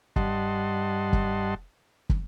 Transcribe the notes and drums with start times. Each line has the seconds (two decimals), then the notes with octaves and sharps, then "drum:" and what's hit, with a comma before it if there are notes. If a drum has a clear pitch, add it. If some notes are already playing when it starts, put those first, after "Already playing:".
0.16 G2 G3 D#5 F#5 A5 C6, drum: kick
1.13 drum: kick
2.09 drum: kick